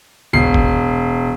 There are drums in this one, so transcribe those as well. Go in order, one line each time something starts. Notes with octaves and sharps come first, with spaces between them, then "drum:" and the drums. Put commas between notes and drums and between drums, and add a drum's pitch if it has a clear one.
E1 C7
drum: kick G1